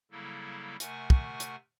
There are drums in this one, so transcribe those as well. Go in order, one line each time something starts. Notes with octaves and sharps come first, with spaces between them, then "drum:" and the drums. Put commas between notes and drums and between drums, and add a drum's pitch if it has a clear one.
C#3 F#3 G3 A#3 E4 A4
C3 A3 A#4 F#5 G#5 C#6, drum: hi-hat
drum: kick
drum: hi-hat